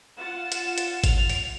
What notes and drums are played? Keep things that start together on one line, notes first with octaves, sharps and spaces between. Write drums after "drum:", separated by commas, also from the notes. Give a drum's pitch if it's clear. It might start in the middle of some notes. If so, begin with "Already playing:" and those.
F4 F#5 A6 E7
drum: hi-hat
drum: hi-hat
F7, drum: kick G#1, hi-hat
drum: open hi-hat